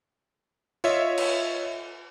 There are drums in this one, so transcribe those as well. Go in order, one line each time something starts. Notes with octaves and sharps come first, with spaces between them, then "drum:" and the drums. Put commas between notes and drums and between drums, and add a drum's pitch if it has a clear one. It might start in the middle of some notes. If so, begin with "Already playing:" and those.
F4 C#5 D#5 E5, drum: tambourine
drum: cymbal